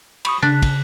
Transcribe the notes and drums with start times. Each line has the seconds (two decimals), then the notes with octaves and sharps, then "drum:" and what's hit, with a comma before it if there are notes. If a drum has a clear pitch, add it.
0.25 B5 C#6 D#6, drum: cymbal
0.42 C#3 D4 F#6 B6
0.63 drum: kick, cymbal